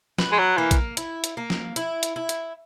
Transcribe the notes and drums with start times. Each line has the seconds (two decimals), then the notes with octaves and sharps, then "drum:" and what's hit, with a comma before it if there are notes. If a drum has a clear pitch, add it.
0.18 B4, drum: snare
0.32 G#3
0.39 F#3
0.57 E3 A#3
0.71 drum: kick, hi-hat
0.97 E4, drum: hi-hat
1.24 drum: hi-hat
1.37 A#3
1.50 drum: snare
1.76 E4, drum: hi-hat
2.03 drum: hi-hat
2.16 E4
2.29 drum: hi-hat